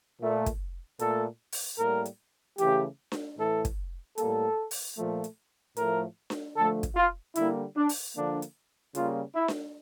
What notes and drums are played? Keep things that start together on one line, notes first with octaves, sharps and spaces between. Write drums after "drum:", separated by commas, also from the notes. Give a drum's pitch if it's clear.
A#2 A3
drum: kick, hi-hat
A#2 A3 A4, drum: hi-hat
drum: open hi-hat
A2 G3 A#3 A#4
drum: hi-hat
C#3 E3 A3 G4, drum: hi-hat
drum: snare D4
A2 E3 A3 A4
drum: kick, hi-hat
A2 G3 A#3 A4, drum: hi-hat
drum: open hi-hat
A#2 F3 A3
drum: hi-hat
A2 F3 A3 A#4, drum: hi-hat
drum: snare D4
D3 F3 A3 A4
drum: kick, hi-hat
F4
D3 G3 A#3 E4, drum: hi-hat
D4
drum: open hi-hat
D3 F3 A#3 D4
drum: hi-hat
C#3 G3 A#3 F4, drum: hi-hat
E4
drum: snare D4